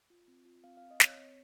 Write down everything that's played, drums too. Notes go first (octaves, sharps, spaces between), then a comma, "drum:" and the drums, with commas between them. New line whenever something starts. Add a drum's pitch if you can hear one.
F4
C4
F4
C4 F5
F5
C4
D#5
C4 C#5, drum: snare
C4